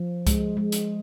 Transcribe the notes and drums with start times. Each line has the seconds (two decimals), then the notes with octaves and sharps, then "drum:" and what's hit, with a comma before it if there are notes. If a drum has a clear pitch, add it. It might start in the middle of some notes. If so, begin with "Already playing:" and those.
Already playing: F3
0.27 G#3, drum: kick C#2, hi-hat
0.57 G#3
0.72 drum: hi-hat